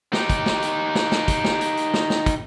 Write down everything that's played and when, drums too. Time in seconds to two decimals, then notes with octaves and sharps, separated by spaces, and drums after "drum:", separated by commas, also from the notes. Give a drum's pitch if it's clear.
0.13 D#4 G4, drum: snare
0.30 drum: kick, hi-hat
0.46 drum: snare
0.62 drum: hi-hat
0.95 drum: snare
1.12 drum: snare
1.28 drum: kick, hi-hat
1.44 drum: snare
1.61 drum: hi-hat
1.77 drum: hi-hat
1.94 drum: snare
2.10 drum: snare
2.26 drum: kick, hi-hat